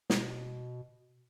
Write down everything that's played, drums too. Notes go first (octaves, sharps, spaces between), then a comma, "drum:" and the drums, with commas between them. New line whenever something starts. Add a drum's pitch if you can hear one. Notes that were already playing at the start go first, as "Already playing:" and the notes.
B2, drum: snare